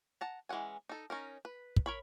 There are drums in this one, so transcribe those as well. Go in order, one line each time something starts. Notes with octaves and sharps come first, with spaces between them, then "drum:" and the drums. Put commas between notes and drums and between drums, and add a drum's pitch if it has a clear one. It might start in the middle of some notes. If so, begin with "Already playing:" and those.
F#5 A5 A#5
E3 G#3 C#4 F#5 G#5
D#4 A4
C#4 D#4 A#4
B4
drum: kick
A#4 C#5 B5